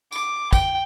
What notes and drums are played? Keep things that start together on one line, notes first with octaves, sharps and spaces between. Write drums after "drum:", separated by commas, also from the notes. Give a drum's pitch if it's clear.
D6, drum: tambourine
G5, drum: kick, tambourine